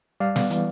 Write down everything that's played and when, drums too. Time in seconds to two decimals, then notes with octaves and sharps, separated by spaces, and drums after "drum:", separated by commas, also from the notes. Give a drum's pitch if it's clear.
0.20 G3 D5 F5
0.36 B3, drum: snare
0.50 E3, drum: hi-hat